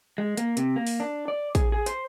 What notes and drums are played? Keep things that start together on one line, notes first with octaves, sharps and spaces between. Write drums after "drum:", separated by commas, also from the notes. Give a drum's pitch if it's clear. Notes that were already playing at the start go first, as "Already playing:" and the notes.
G#3
A#3, drum: hi-hat
C3, drum: hi-hat
A#3
drum: open hi-hat
D4
D5
G#4, drum: kick, hi-hat
G#4
C5, drum: hi-hat